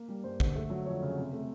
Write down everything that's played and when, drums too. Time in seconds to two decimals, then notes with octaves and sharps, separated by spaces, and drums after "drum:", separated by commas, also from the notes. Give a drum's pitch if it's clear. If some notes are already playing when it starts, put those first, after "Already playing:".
Already playing: A#3
0.08 G3
0.24 G2 C5
0.40 D3, drum: kick
0.55 A3
0.70 F#3
0.86 F2 C#5
1.02 C#3
1.17 C3
1.33 A3